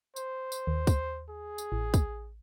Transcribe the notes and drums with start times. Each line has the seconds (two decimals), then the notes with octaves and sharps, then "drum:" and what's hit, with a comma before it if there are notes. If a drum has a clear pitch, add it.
0.16 C5, drum: tambourine
0.52 drum: tambourine
0.67 D#2
0.87 drum: kick, tambourine
1.29 G#4
1.58 drum: tambourine
1.72 A1
1.94 drum: kick, tambourine